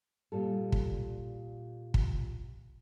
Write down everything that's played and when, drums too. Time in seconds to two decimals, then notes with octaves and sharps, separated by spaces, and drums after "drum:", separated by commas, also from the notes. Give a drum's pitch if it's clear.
0.32 A#2 G3 A4
0.72 drum: kick
1.94 drum: kick